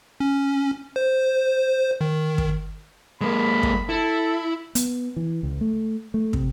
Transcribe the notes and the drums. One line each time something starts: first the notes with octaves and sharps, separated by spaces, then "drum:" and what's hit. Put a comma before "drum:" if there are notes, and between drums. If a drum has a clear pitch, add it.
C#4
C5
D#3
drum: kick
G#3 A#3 B5
drum: kick
E4 A4
B3, drum: hi-hat
E3
C#2
A3
A3
C3, drum: kick